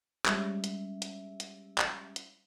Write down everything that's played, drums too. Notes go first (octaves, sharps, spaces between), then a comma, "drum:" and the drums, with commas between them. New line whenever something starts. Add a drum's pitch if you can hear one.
G3 G#3 C#4 E5, drum: clap
drum: hi-hat
drum: hi-hat
drum: hi-hat
drum: clap
drum: hi-hat